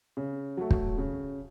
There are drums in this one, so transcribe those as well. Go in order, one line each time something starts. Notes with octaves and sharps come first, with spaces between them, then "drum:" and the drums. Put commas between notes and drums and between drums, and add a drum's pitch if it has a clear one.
C#3
F#3 A3
drum: kick
C#3